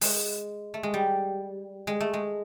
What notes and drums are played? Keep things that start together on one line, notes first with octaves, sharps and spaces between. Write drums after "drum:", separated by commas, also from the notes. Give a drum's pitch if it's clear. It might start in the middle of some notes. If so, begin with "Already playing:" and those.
G#3, drum: open hi-hat
A3
G#3
G3
G#3
A3
G#3